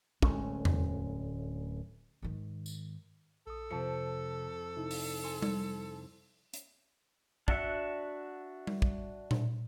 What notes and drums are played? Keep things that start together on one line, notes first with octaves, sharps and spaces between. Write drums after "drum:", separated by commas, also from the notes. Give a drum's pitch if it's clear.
D1 G#3 A3 C#4, drum: kick
drum: tom E2
G#2 D#3
drum: tambourine
A#1 A4 D#6
F2 C3 A5 C#7
C3 D#4 E4
drum: open hi-hat
G#5 C6
drum: tom G3
drum: hi-hat
D4 F#4 E5 F#5, drum: kick
drum: tom G3
drum: kick
drum: tom A#2